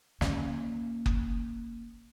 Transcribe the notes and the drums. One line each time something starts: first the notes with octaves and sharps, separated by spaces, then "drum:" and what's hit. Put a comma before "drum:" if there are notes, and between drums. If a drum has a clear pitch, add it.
A#3 C#4, drum: snare
drum: kick F#1